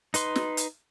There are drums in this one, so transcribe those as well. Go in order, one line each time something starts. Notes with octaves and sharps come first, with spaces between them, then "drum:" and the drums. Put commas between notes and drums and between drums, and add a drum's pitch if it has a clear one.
D#4 B4 C6, drum: hi-hat
drum: snare
drum: hi-hat